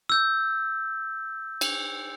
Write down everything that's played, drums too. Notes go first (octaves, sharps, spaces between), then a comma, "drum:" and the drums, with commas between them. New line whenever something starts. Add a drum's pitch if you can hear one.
E6 G6
drum: cymbal